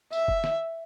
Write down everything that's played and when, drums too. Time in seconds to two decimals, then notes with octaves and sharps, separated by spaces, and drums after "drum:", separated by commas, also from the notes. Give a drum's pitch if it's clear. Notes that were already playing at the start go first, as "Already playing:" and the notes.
0.13 E5, drum: tambourine
0.28 drum: kick F1
0.44 drum: snare